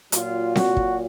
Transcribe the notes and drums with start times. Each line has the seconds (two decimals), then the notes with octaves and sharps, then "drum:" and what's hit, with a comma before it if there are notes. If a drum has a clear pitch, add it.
0.12 A#2 F#3 F4, drum: hi-hat
0.55 F#4, drum: snare C4
0.77 drum: kick